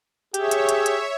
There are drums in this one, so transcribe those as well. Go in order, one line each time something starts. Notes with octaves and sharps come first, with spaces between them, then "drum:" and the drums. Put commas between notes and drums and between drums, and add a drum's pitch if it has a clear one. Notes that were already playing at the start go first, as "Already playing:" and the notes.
G4 G#4 C#5 E5, drum: hi-hat
drum: hi-hat
drum: hi-hat
drum: hi-hat